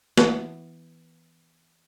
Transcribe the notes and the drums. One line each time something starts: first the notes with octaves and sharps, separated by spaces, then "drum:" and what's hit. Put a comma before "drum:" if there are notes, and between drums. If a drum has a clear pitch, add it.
E3 B3, drum: snare